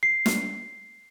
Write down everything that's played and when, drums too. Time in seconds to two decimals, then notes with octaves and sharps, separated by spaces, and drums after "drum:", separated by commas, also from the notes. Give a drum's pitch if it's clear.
0.03 C7
0.26 drum: snare